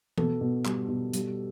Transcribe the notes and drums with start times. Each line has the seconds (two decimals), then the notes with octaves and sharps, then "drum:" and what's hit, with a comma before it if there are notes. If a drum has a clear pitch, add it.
0.18 B2 A4, drum: tom E3
0.41 B2
0.65 G3, drum: clap
0.88 B2
1.13 G3, drum: hi-hat